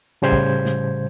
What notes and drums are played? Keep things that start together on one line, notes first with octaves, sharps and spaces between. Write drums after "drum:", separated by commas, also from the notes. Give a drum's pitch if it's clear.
A2 C#3 G3 C5 G6 G#6
drum: kick
drum: snare